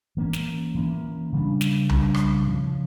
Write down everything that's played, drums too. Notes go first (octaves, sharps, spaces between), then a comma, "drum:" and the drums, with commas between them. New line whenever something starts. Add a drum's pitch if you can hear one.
E3 A#3 C#4
drum: snare
E3 A#3 C#4
C#3 G3 D4
drum: snare
C#3 G3 D4, drum: tom C2
drum: rim click
C#3 F3 C#4